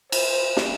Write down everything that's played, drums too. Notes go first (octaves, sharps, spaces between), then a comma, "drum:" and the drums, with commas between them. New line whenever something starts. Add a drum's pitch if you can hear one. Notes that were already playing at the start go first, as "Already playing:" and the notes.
C5, drum: cymbal
drum: snare